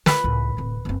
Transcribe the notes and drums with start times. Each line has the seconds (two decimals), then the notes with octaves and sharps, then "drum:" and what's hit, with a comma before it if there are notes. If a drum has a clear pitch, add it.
0.06 F4 B4, drum: snare
0.24 C#2 A2
0.57 D1 C3
0.85 F#1 C4